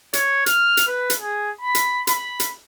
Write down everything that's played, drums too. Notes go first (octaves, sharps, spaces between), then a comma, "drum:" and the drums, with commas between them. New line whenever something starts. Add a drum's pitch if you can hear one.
C#5, drum: hi-hat
F6, drum: hi-hat
drum: hi-hat
B4
drum: hi-hat
G#4
B5
drum: hi-hat
B5, drum: hi-hat
drum: hi-hat